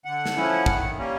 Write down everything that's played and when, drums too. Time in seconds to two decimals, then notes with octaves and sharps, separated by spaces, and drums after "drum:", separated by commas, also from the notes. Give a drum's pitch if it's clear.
0.05 D3 F#5
0.26 drum: snare
0.36 F3 A3 C#4 E4
0.66 D#3, drum: kick
0.96 G3 A#3 C#4